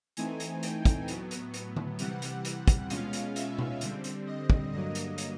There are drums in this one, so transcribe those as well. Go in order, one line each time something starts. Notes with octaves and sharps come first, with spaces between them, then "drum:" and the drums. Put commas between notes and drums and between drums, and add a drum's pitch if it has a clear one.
E3 A3 C4 D#4 G#5, drum: hi-hat
drum: hi-hat
G5, drum: hi-hat
drum: kick, hi-hat
A2 F#3 B3, drum: hi-hat
drum: hi-hat
drum: hi-hat
drum: tom D3
C3 E3 G3 F#5, drum: hi-hat
drum: hi-hat
drum: hi-hat
drum: kick, hi-hat
B2 G#3 C#4 F4 F5, drum: hi-hat
drum: hi-hat
E5, drum: hi-hat
drum: tom B2
D3 G3 C4, drum: hi-hat
drum: hi-hat
D#5
drum: kick
G2 D3 F#3 A#3 D#5
drum: hi-hat
drum: hi-hat